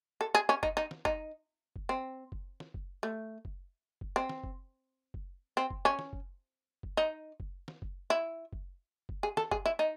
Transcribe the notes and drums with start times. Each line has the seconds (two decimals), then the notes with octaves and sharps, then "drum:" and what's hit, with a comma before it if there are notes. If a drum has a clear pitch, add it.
0.21 A4
0.35 G#4
0.49 C#4
0.63 D#4, drum: kick F#1
0.77 D#4
0.91 drum: snare
1.05 D#4, drum: kick F#1
1.76 drum: kick F#1
1.89 C4
2.32 drum: kick F#1
2.60 drum: snare
2.74 drum: kick F#1
3.03 A3
3.45 drum: kick F#1
4.01 drum: kick F#1
4.16 C4
4.29 drum: snare
4.44 drum: kick F#1
5.14 drum: kick F#1
5.57 C4
5.70 drum: kick F#1
5.85 C#4
5.99 drum: snare
6.13 drum: kick F#1
6.83 drum: kick F#1
6.97 D#4
7.40 drum: kick F#1
7.68 drum: snare
7.82 drum: kick F#1
8.10 E4
8.53 drum: kick F#1
9.09 drum: kick F#1
9.23 G#4
9.37 A4, drum: snare
9.51 G#4, drum: kick F#1
9.66 E4
9.79 D#4